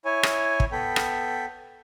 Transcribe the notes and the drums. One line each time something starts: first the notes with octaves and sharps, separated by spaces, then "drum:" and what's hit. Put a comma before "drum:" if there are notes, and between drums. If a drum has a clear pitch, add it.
E4 C#5 G#5
drum: rim click
drum: kick
B3 A4 G5 B5
drum: rim click